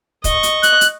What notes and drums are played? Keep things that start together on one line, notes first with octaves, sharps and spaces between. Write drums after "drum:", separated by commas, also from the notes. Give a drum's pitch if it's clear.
D#5 C#6, drum: kick, hi-hat
drum: hi-hat
F#6, drum: hi-hat
drum: hi-hat